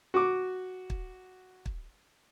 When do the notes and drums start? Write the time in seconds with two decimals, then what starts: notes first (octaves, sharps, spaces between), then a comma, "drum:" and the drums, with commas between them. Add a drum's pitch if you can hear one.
0.14 F#4 D6
0.90 drum: kick
1.66 drum: kick